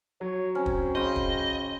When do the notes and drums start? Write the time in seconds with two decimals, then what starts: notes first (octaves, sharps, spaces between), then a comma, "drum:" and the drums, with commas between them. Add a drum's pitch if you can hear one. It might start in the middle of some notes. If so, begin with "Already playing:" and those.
0.21 F#3 C#5
0.55 C4 C#4
0.66 drum: kick
0.95 C#3 C5 D#5 G5 B5
1.16 drum: kick